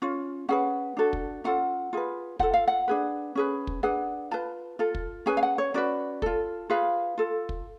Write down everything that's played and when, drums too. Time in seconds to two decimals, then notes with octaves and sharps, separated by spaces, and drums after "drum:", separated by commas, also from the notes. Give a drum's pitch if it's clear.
0.02 C#4 F4
0.49 C#4 G#4 B4 F#5
0.97 D4 F#4 A4
1.13 drum: kick
1.44 C#4 F4 A4 F#5
1.93 F4 G#4 B4
2.40 F4 A4 F#5, drum: kick
2.54 F5
2.68 F#5
2.88 D4 G#4 B4
3.35 C#4 G#4 B4
3.67 drum: kick
3.83 D4 G#4 B4 F#5
4.31 F4 B4 A5
4.79 F4 A4
4.95 drum: kick
5.26 C#4 G#4 B4 G#5
5.37 F5
5.43 F#5
5.58 C#5
5.74 C#4 F#4 B4 D5
6.22 F4 A4, drum: kick
6.70 F4 G#4 B4 F5
7.18 F4 A4
7.49 drum: kick